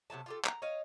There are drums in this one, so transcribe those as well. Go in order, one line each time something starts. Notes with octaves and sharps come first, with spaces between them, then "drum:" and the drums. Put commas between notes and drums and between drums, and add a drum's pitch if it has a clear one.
C3 F#3 A3 A5
F4 G4 A4
A#5, drum: clap
C#5 D#5 F5